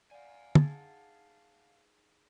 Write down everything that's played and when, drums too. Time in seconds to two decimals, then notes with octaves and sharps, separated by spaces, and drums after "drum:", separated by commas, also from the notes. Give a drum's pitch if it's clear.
0.11 D5 F5 F#5 G#5
0.55 D#4 G#4 A5 A6, drum: tom